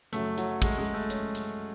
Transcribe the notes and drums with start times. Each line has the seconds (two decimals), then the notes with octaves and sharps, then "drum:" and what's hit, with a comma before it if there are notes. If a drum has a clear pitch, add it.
0.13 F#2 C#3 F#3 A3, drum: hi-hat
0.38 F#3, drum: hi-hat
0.62 G#3, drum: kick, hi-hat
0.78 G#3
0.94 A3
1.10 C#4, drum: hi-hat
1.35 drum: hi-hat